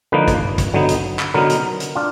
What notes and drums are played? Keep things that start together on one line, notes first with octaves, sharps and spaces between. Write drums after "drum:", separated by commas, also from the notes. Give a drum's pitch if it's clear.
D3 F3 A#3 D#4 B4
drum: kick, hi-hat
drum: kick, hi-hat
D3 F#3 B3 D#4
drum: hi-hat
drum: clap
D3 F#3 B3 D#4 A#4
drum: hi-hat
drum: hi-hat
D4 F4